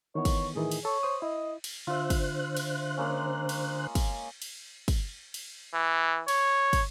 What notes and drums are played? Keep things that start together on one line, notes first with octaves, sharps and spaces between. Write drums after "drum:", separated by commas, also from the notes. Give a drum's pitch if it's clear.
D#3 E3 B3 C#5
drum: kick, cymbal
A2 D#3 E3 G#4
drum: cymbal
A4 C#5
C5 D#6
E4 D#5
drum: cymbal
D3 F4 C5 E5 F#6
drum: kick, cymbal
drum: cymbal
G#3 A#3 C#4
drum: cymbal
drum: kick, cymbal
drum: cymbal
drum: kick, cymbal
drum: cymbal
E3
C#5, drum: cymbal
drum: kick, cymbal